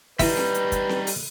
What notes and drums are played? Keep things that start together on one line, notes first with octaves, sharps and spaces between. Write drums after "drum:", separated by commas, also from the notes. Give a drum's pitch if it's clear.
G3 D#4 E4 B4, drum: kick, open hi-hat
drum: snare C4
drum: hi-hat
drum: kick, hi-hat
drum: snare C4
drum: open hi-hat